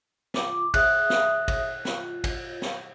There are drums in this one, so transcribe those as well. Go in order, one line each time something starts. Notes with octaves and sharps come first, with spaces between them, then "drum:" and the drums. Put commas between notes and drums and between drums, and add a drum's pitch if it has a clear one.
F4 D6, drum: snare
G#4 E5 D#6 F#6, drum: kick, cymbal
drum: snare
drum: kick, cymbal
F4, drum: snare
drum: kick, cymbal
drum: snare